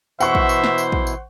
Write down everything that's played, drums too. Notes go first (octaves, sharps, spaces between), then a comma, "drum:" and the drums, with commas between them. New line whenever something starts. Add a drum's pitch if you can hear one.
B2 E3 E4 C5 E5 F#5 C#6, drum: tambourine
drum: kick
drum: tambourine
drum: snare
drum: tambourine
drum: kick
drum: tambourine